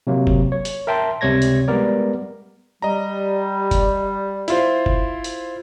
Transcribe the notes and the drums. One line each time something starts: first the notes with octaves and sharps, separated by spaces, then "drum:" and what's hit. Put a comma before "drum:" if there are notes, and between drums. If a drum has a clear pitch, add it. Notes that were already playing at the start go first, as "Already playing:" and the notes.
C3 F#3 A#3
drum: kick F#1
C#5
drum: hi-hat
A#4 E5 G5 A5 C6
C#2 C3 G3 C#5 G#6 A#6
drum: hi-hat
G3 G#3 B3 A#4 D5
G3 D#5 A#5
drum: kick F#1, hi-hat
E4 F4 C5, drum: hi-hat
drum: kick F#1
drum: hi-hat